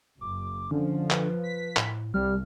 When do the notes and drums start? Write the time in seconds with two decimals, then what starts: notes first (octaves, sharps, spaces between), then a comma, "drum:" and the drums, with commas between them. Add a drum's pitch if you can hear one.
0.21 F#1 D6
0.71 D3 F3 C#4
1.11 B4, drum: clap
1.43 B6
1.77 A2, drum: clap
2.14 C2 G3 F6